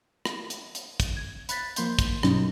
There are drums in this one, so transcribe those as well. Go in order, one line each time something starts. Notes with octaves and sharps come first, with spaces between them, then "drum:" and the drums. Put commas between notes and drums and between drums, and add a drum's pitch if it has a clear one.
drum: rim click
drum: hi-hat
drum: hi-hat
drum: kick, hi-hat
G#6
B5 F#6 A6 B6, drum: hi-hat
F3 A#3 C6 G6, drum: hi-hat
drum: kick, hi-hat
G2 B2 F#3 C#4 D#4, drum: rim click